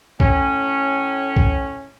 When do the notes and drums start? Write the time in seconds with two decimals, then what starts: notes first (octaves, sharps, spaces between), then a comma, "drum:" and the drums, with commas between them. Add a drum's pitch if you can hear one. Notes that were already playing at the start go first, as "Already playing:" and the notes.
0.20 A2 C#4, drum: kick
1.36 drum: kick